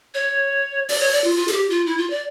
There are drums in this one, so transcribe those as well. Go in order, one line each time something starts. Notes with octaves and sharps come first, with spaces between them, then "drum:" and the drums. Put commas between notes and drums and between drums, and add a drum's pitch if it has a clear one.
C#5
D5, drum: open hi-hat
C#5
D5
F4
F4
A4, drum: hi-hat
G4
F4
E4
F4
D5